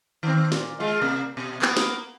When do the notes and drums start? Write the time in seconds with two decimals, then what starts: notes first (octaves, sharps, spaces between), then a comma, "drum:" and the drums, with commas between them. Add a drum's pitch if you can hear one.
0.23 D#3 C4
0.52 A#2, drum: snare
0.80 G#3 F4
1.02 C3 A#3
1.37 B2
1.62 A#3 B3, drum: clap
1.77 drum: snare